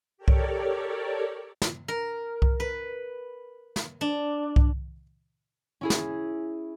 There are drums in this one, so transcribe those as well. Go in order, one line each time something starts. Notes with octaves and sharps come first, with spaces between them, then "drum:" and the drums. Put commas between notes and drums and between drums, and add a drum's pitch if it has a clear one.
G4 A4 A#4 C#5 D5
drum: kick C2
drum: snare
A#4
drum: kick C2
B4
drum: snare
D4
drum: kick C2
C#4 E4 G#4
drum: snare